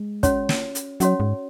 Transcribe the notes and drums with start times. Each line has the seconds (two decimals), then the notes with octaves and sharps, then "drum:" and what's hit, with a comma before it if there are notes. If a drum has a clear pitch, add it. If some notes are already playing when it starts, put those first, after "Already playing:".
Already playing: G#3
0.23 C#4 F#4 C#5, drum: kick, hi-hat
0.49 drum: snare
0.75 drum: hi-hat
1.00 F#3 C#4 F#4 C#5, drum: hi-hat
1.20 G#2